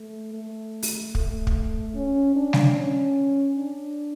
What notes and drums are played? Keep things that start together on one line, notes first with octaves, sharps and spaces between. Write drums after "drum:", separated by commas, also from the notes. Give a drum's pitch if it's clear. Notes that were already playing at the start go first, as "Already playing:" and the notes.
Already playing: A3
A3
drum: open hi-hat
A3, drum: kick
drum: kick
C#4
D4
drum: snare G3
C#4
D4